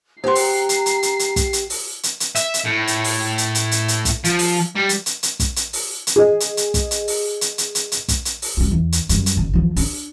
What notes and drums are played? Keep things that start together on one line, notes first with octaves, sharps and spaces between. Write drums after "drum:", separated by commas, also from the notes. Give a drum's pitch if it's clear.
G4 C5 F#5 A#5 C6 C7
drum: open hi-hat
drum: hi-hat
drum: hi-hat
drum: hi-hat
drum: hi-hat
drum: kick, hi-hat
drum: hi-hat
drum: open hi-hat
drum: hi-hat
drum: hi-hat
E5, drum: hi-hat
drum: hi-hat
A2
drum: hi-hat
drum: open hi-hat
drum: hi-hat
drum: hi-hat
drum: hi-hat
drum: hi-hat
drum: kick, hi-hat
F3, drum: hi-hat
drum: open hi-hat
G3
drum: hi-hat
drum: hi-hat
drum: hi-hat
drum: kick, hi-hat
drum: hi-hat
drum: open hi-hat
drum: hi-hat
G#4 D#5
drum: hi-hat
drum: hi-hat
drum: kick, hi-hat
drum: hi-hat
drum: open hi-hat
drum: hi-hat
drum: hi-hat
drum: hi-hat
drum: hi-hat
drum: kick, hi-hat
drum: hi-hat
drum: open hi-hat
F#3 G3
E2
drum: hi-hat
F#2 G3, drum: hi-hat
drum: hi-hat
F#1
E2 F3
D4, drum: open hi-hat